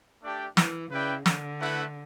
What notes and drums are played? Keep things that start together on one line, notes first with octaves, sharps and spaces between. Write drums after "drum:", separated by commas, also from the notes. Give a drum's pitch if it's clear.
A3 D4 G4 D5 G5
E3, drum: snare
C#3 E4 B4 D5 G5
D3, drum: snare
A3 E4 B4 F#5